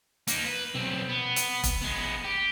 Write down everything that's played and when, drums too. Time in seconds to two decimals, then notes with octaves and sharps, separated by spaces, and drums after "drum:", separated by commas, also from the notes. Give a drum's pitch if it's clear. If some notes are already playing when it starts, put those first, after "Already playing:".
0.27 A#3 D#4, drum: hi-hat
0.44 B4
0.75 B1 C4
1.09 B3
1.36 drum: hi-hat
1.64 drum: kick E1, hi-hat
1.82 G#3 B3
2.24 G4